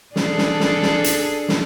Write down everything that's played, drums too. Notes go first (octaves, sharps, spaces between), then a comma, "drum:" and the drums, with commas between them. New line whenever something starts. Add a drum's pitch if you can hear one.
D4 G#4 A4, drum: snare
drum: snare
drum: snare
drum: snare
drum: hi-hat
drum: snare